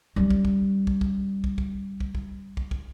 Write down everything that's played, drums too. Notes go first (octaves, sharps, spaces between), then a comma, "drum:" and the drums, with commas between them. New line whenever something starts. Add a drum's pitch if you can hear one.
G3 C#4
drum: kick
drum: kick
drum: kick
drum: kick
drum: kick
drum: kick
drum: kick
drum: kick
drum: kick
drum: kick